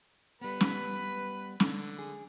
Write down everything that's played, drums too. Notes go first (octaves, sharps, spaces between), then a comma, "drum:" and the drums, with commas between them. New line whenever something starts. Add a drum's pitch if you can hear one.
G3 B3 B4 B5
drum: snare
D3, drum: snare
G#4